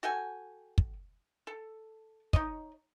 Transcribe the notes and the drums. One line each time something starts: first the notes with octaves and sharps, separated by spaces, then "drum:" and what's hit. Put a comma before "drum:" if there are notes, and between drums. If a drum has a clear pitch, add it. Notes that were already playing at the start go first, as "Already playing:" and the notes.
F#4 A4 G5 G#5
drum: kick
A4
D#4 C#5 D#5, drum: kick